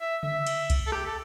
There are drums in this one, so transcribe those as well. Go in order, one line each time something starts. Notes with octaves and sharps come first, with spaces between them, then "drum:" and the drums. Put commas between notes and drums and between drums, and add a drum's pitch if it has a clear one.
E5
E5, drum: tom C#3
drum: cymbal
drum: kick C2, cymbal
A4
G4, drum: rim click
A4